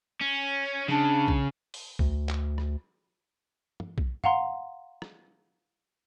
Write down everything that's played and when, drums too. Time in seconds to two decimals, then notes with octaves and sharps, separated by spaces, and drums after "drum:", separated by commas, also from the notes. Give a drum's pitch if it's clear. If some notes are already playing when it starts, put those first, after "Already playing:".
0.21 C#4
0.88 C#3 D4, drum: snare
1.28 drum: kick B1
1.74 drum: open hi-hat
1.99 D2, drum: kick B1
2.29 drum: clap
2.58 drum: rim click
3.80 drum: tom
3.98 drum: kick B1
4.24 F5 F#5 A#5 C6, drum: tom
5.02 drum: rim click